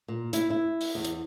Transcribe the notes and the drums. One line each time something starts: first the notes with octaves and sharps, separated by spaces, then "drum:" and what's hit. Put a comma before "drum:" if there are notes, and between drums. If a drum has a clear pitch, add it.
A#2
E4, drum: hi-hat
E4
drum: open hi-hat
E2
drum: hi-hat